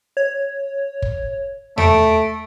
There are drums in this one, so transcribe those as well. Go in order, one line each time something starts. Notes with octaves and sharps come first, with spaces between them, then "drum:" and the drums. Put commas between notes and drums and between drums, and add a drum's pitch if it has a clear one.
C#5
drum: kick
A3 D7, drum: tom E2